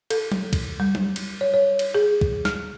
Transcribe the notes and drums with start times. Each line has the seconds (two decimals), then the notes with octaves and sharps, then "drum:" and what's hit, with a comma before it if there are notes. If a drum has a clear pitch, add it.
0.11 A4, drum: cymbal
0.32 drum: tom F#3
0.53 drum: kick, cymbal
0.80 G3
0.95 drum: tom F#3
1.16 drum: cymbal
1.41 C#5
1.54 C#5
1.79 drum: cymbal
1.95 G#4
2.21 drum: kick
2.45 F6, drum: snare